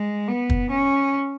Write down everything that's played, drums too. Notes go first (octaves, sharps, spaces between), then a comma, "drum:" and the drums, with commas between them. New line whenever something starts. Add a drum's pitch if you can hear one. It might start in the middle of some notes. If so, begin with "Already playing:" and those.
Already playing: G#3
B3
drum: kick
C#4